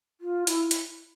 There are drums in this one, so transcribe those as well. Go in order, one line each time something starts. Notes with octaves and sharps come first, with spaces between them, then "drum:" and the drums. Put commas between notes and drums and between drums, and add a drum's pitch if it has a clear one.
F4
E4, drum: hi-hat
drum: hi-hat